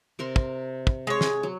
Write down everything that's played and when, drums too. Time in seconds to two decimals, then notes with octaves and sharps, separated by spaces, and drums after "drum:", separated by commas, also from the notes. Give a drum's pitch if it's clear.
0.19 C3 A#4 C6
0.36 drum: kick
0.87 drum: kick
1.07 G#3 C#5
1.21 drum: snare
1.43 F#3